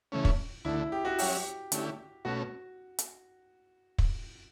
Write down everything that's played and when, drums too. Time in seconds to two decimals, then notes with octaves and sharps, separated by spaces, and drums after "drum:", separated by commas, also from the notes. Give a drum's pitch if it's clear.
0.12 C#3 E3 A3 C#4
0.25 drum: kick
0.65 D2 D3 A3 E4
0.92 G4
1.05 F#4
1.18 F#3 C#4 F#4 G4 C#5 E5, drum: open hi-hat
1.72 D3 A3 C#4 E4 G4, drum: hi-hat
2.25 B2 A3 C#4 F#4
2.99 drum: hi-hat
3.98 drum: kick